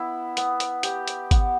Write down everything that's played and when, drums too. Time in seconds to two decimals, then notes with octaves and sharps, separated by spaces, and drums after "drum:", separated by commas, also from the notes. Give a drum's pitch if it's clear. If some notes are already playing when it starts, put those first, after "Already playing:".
Already playing: B3 E4
0.37 B3, drum: hi-hat
0.60 drum: hi-hat
0.83 G4, drum: hi-hat
1.08 drum: hi-hat
1.31 B3, drum: kick G#1, hi-hat